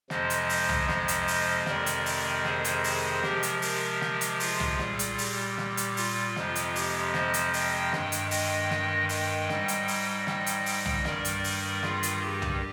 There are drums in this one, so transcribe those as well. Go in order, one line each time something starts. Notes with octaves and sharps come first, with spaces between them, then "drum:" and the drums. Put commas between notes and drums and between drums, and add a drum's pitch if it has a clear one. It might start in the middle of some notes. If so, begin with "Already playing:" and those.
F2 C3 F3 G#3 C5 D#5, drum: snare
drum: hi-hat
drum: open hi-hat
drum: tom C2
C5 D#5, drum: snare
drum: hi-hat
drum: open hi-hat
F2 C3 D#3 G#3 A#4 D5, drum: snare
drum: hi-hat
drum: open hi-hat
G#4 C5, drum: snare
drum: hi-hat
drum: open hi-hat
C3 F3 G#3 G4 A#4, drum: snare
drum: hi-hat
G4 A#4, drum: open hi-hat
drum: snare
drum: hi-hat
F4 G#4, drum: open hi-hat
drum: tom C2
A#2 G3, drum: snare
drum: hi-hat
G4, drum: open hi-hat
drum: snare
drum: hi-hat
F4, drum: open hi-hat
F2 C3 F3 G#3, drum: snare
drum: hi-hat
G4, drum: open hi-hat
C5 D#5, drum: snare
drum: hi-hat
D#5 G5, drum: open hi-hat
G2 D#3 G#3, drum: snare
drum: hi-hat
D#5 G5, drum: open hi-hat
drum: snare
D#5 G5, drum: open hi-hat
G#2 G3, drum: snare
drum: hi-hat
drum: open hi-hat
D#5 G5, drum: snare
drum: hi-hat
drum: open hi-hat
drum: tom C2
G2 D#3 G3 A#4 D5, drum: snare
drum: hi-hat
drum: open hi-hat
F4 G#4, drum: snare
drum: hi-hat
G4
drum: tom C2